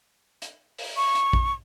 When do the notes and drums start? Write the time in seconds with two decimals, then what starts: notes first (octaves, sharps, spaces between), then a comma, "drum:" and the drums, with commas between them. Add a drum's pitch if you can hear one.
0.42 drum: hi-hat
0.78 drum: open hi-hat
0.97 C#6
1.15 drum: hi-hat
1.33 drum: kick A#1